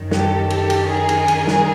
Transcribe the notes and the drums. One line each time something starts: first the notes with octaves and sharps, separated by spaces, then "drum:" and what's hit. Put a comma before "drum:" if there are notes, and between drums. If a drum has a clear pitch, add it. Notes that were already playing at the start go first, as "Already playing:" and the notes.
Already playing: F#2 D#3
G4 A4, drum: snare
G4 A4, drum: cymbal
drum: cymbal
G#4 A#4
drum: cymbal
drum: cymbal
drum: snare